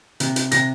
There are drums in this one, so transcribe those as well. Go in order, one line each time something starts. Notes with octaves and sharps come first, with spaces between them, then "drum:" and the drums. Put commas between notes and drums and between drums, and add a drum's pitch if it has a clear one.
C3, drum: hi-hat
drum: hi-hat
C3 A#6, drum: hi-hat